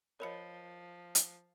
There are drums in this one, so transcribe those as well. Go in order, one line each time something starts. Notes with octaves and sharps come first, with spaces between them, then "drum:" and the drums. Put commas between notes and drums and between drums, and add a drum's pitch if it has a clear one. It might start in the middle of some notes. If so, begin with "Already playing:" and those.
F3 A#4 C#5 D#5 B5 C#7
drum: hi-hat